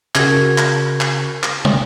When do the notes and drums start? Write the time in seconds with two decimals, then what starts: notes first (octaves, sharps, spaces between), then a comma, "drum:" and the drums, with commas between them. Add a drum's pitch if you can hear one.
0.15 C#3 F#4 A#4 G#6, drum: clap
0.58 drum: clap
1.01 drum: clap
1.43 drum: clap
1.65 drum: tom